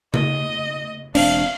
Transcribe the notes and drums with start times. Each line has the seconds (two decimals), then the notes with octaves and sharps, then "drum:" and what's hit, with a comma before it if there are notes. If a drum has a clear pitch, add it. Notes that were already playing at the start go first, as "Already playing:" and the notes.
0.14 D#5, drum: tom C#3
1.15 E1 C4 D4 F5, drum: cymbal